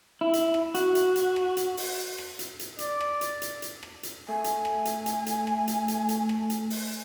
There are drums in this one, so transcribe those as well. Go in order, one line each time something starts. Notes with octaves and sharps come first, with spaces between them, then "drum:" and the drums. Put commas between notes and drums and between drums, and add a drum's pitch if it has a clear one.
E4
drum: hi-hat
drum: rim click
F#4, drum: hi-hat
drum: hi-hat
drum: hi-hat
drum: rim click
drum: hi-hat
drum: open hi-hat
drum: rim click
drum: hi-hat
drum: hi-hat
D5, drum: hi-hat
drum: rim click
drum: hi-hat
drum: hi-hat
drum: hi-hat
drum: rim click
drum: hi-hat
A3 G#5
drum: hi-hat
drum: rim click
drum: hi-hat
drum: hi-hat
drum: hi-hat
drum: rim click
drum: hi-hat
drum: hi-hat
drum: hi-hat
drum: rim click
drum: hi-hat
drum: open hi-hat